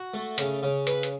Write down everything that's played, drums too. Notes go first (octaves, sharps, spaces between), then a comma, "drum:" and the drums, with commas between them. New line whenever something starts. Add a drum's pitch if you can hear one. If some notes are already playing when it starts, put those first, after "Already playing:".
Already playing: F#4
A3
C#3, drum: hi-hat
C#3
B4, drum: hi-hat
drum: hi-hat